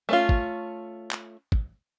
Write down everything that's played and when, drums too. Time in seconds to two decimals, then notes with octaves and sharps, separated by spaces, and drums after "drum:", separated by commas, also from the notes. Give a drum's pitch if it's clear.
0.09 A3 C#4 F4
0.29 drum: kick
1.11 drum: clap
1.52 drum: kick